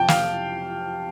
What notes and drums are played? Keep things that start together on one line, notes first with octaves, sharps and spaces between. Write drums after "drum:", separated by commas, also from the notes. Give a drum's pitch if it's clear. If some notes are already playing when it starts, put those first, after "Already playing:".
Already playing: F2 C3 F3 G5 A5
F5, drum: snare